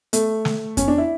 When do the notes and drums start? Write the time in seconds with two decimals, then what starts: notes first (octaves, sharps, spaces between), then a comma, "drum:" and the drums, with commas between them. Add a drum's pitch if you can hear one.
0.13 A3, drum: hi-hat
0.45 drum: snare
0.77 C#4, drum: kick F2, hi-hat
0.88 D4
0.98 E4